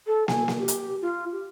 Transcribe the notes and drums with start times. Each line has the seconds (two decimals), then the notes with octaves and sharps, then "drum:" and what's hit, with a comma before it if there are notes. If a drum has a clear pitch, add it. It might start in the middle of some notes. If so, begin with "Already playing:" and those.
0.07 A4
0.28 G#5, drum: snare
0.48 drum: snare
0.59 G4
0.68 drum: hi-hat
1.02 F4
1.32 G4